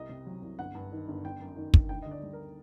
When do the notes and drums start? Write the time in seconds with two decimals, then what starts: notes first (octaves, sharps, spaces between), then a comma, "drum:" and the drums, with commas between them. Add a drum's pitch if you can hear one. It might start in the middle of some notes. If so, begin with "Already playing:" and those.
Already playing: C2 D#5
0.09 C3
0.26 F#3
0.42 C2
0.59 G1 F#5
0.75 G2
0.92 D#3
1.08 G1
1.25 G1 G5
1.41 F#2
1.56 D#3
1.74 G1, drum: kick
1.89 D2 G5
2.02 D3 D#5
2.11 D5
2.23 G3
2.33 A#4